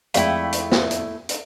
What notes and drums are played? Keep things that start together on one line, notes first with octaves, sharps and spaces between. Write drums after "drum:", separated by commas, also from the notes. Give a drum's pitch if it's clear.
F2 G#3 A3 E4 D5 F5 G5, drum: hi-hat
drum: hi-hat
drum: snare
drum: hi-hat
drum: hi-hat